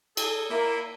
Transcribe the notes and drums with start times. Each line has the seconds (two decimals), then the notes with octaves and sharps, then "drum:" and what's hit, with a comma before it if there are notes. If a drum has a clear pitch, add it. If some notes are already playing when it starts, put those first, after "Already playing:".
0.17 G#4 A4, drum: cymbal
0.50 A#3 E4